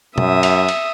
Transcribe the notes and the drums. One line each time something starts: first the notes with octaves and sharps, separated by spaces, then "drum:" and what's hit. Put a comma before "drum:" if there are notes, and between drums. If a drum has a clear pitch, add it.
F#2 E5 D#6, drum: tom B2
drum: cymbal
drum: cymbal